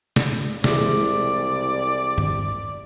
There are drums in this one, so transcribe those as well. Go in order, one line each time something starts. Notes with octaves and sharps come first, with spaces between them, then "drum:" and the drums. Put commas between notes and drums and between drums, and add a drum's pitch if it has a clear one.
drum: snare
C2 E3 G#3 D5, drum: snare
drum: tom